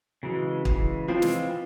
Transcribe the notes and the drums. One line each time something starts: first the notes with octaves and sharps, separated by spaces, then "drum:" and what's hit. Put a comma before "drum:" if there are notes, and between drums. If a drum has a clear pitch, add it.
C#3 E3 F#3 G#3
C#3 E3 G#3, drum: kick
E3 F3 G#3 C4 F4
drum: snare
E3